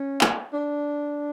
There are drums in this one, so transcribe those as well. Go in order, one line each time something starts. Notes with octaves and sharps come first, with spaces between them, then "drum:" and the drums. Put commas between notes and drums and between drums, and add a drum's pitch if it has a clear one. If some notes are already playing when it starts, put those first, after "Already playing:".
Already playing: C#4
drum: clap
D4